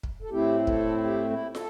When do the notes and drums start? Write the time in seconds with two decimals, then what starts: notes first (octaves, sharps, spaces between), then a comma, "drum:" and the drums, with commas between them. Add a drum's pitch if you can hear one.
0.03 drum: kick
0.22 A4
0.30 A2 A3 C4 E4 G4
0.67 A4, drum: kick
1.04 G4
1.30 E4
1.55 A4, drum: snare